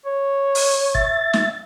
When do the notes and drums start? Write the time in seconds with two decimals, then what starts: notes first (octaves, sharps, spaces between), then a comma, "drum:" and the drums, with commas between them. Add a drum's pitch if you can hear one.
0.05 C#5
0.55 drum: open hi-hat
0.95 E5 A6, drum: kick
1.33 drum: snare